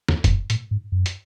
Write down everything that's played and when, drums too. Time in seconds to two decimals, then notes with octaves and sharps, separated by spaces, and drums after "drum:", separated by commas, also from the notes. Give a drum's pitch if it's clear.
0.08 E2, drum: snare
0.24 G#2, drum: kick F1, hi-hat
0.29 F#2
0.50 A2, drum: hi-hat
0.71 G#2
0.92 F#2
1.06 drum: hi-hat